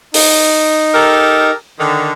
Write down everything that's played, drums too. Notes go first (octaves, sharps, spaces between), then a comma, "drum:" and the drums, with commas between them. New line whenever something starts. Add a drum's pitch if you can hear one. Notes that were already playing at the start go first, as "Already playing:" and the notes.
D#4, drum: open hi-hat
G4 A4 A#4
D3 D#3